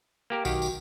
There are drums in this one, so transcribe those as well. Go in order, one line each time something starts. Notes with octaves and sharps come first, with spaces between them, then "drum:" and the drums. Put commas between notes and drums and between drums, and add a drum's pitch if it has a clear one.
A#3 G4 A#4
B1 D#3 F#4 G4, drum: tambourine
drum: tambourine